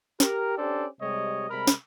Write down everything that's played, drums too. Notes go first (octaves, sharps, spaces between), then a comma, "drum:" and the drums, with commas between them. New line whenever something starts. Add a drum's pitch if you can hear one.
G4 A#4, drum: snare
C#4 D4 G4 A4 C5 D5
C3 G3 G#3 C#5 D#5
C3 G3 G#3 A#4 B5
drum: snare